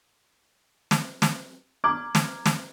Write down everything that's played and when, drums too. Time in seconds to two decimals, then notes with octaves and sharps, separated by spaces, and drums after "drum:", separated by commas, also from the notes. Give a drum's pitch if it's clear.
0.91 drum: snare
1.22 drum: snare
1.84 A#5 D6 F6 G#6
2.15 drum: snare
2.46 drum: snare